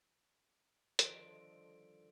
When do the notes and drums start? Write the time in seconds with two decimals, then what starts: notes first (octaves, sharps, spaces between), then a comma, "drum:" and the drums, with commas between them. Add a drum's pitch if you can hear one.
0.99 G2 D3 D#3 F3 A4 D#5 C6 D7, drum: hi-hat